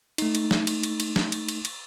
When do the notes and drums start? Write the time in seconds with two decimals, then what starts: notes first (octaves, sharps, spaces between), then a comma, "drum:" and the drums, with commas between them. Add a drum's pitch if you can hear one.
0.18 A3 D#4, drum: cymbal
0.35 drum: cymbal
0.51 drum: snare
0.67 drum: cymbal
0.83 drum: cymbal
1.00 drum: cymbal
1.16 drum: snare
1.32 drum: cymbal
1.48 drum: cymbal
1.65 drum: cymbal